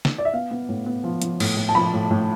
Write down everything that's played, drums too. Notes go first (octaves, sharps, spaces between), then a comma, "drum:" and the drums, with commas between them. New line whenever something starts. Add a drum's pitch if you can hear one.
drum: snare
D5
E5
B3 F5
B3
A2
B3
F3
F3, drum: hi-hat
A2, drum: cymbal
A2
A5
F3 B5
A2
A2